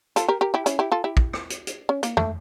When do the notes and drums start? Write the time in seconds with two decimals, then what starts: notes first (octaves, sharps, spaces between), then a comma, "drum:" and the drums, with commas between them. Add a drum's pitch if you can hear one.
0.16 F4 A4, drum: hi-hat
0.28 G4 A#4
0.41 G4 A#4
0.54 E4 G4
0.66 C#4 E4, drum: hi-hat
0.79 E4 G4
0.92 F4 A4
1.04 E4 G4
1.17 drum: kick
1.33 drum: rim click
1.50 drum: hi-hat
1.67 drum: hi-hat
1.89 C#4
2.03 A#3, drum: hi-hat
2.17 A3, drum: tom F2